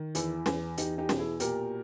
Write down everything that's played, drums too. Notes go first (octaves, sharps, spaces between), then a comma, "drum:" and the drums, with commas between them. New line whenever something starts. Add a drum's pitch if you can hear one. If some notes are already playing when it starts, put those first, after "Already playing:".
Already playing: D#3
E2 E4, drum: hi-hat
E2, drum: snare
E2 D#4 G4, drum: hi-hat
D#4 G4
B2, drum: snare
E4 G#4
A#2 G4 A#4, drum: hi-hat